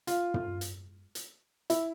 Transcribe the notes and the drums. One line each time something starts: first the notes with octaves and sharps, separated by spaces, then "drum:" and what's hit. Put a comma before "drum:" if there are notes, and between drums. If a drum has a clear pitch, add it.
F4, drum: hi-hat
drum: tom
drum: hi-hat
drum: hi-hat
E4, drum: hi-hat